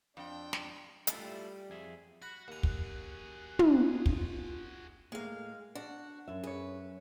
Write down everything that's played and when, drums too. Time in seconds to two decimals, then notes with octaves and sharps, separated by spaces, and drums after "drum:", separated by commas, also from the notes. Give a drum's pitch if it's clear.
0.17 F2 D4 G5
0.53 drum: snare
1.07 G3 A3 E4 F4, drum: hi-hat
1.70 F2 G#4 E5
2.22 F#4 B5 F#6
2.48 D#2 F#4 G#4 A#5
2.63 drum: kick
3.59 drum: tom
4.06 F4, drum: kick
5.12 A2 G#3 A#3 F5
5.75 D4 F#4
6.28 F#2 E5
6.44 G#4 B4 C#5